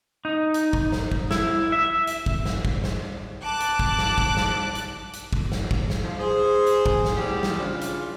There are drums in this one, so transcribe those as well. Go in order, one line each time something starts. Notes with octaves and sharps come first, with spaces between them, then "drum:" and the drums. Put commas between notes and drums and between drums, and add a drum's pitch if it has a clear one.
D#4
drum: hi-hat
drum: kick
drum: snare
drum: kick
E4, drum: snare
E5
drum: hi-hat
drum: kick
drum: snare
drum: kick
drum: snare
A5 D6 F#6
drum: hi-hat
drum: kick
drum: snare
drum: kick
drum: snare
drum: hi-hat
drum: hi-hat
drum: kick
drum: snare
drum: kick
drum: snare
F3
G#4 C5
drum: hi-hat
drum: kick
drum: snare
E2 A2 G3 G4 G#4 C5
drum: snare
C#3 E3 D4 F4
drum: hi-hat